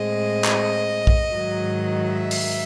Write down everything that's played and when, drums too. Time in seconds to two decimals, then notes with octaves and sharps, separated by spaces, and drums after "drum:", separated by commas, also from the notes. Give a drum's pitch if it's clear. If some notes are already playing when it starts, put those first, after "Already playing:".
Already playing: A2 G#3 C4 D#5
0.44 drum: clap
1.07 drum: kick A#1
1.33 G#2 D#3 F#3
2.12 E5
2.31 drum: open hi-hat